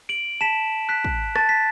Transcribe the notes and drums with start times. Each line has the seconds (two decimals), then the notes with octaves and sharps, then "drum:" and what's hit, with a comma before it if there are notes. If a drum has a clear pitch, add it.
0.09 D7 F#7
0.41 A5 B6 E7
0.89 F#6 B6
1.05 drum: kick
1.36 A5 A6, drum: rim click
1.49 B6